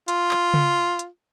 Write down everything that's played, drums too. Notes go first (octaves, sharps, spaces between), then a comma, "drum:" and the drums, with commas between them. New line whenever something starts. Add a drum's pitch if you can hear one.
F4, drum: hi-hat
drum: clap
drum: tom C#3
drum: hi-hat